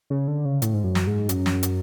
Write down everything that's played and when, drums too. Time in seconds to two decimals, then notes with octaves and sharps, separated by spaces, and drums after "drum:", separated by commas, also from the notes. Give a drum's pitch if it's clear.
0.10 C#3
0.28 D3
0.45 C#3
0.62 A2, drum: hi-hat
0.73 G#2
0.84 F#2
0.95 drum: snare
1.07 G#2
1.29 F#2, drum: hi-hat
1.46 drum: snare
1.63 drum: hi-hat